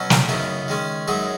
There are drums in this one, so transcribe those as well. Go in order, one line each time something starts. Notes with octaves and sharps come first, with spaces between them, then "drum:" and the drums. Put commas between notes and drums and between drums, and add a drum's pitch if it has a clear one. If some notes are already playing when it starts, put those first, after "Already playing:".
Already playing: B2 F#3 C#4
drum: snare
F#2 C#3 B3 D#4
D#3 G#3 C#4
F#2 F#3 D#4 G#4